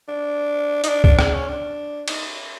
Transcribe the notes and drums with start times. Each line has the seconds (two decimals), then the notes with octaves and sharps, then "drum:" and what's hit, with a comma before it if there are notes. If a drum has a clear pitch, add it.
0.08 D4
0.84 D#4, drum: hi-hat
0.89 D4
1.04 D4, drum: kick
1.19 D4, drum: rim click
1.33 C#4
1.48 D4
2.08 D#4, drum: cymbal